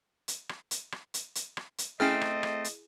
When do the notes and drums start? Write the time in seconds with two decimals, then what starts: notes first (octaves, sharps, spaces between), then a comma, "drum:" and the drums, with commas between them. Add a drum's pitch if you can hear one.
0.28 drum: hi-hat
0.49 drum: rim click
0.71 drum: hi-hat
0.92 drum: rim click
1.14 drum: hi-hat
1.35 drum: hi-hat
1.57 drum: rim click
1.78 drum: hi-hat
2.00 A3 C4 C#4 E4 G#4 D#5 G5 F6
2.21 drum: rim click
2.43 drum: rim click
2.64 drum: hi-hat